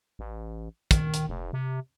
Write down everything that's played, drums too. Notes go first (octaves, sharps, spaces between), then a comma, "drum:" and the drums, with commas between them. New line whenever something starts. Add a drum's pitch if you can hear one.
A1
D#3, drum: kick, hi-hat
drum: hi-hat
F1
C3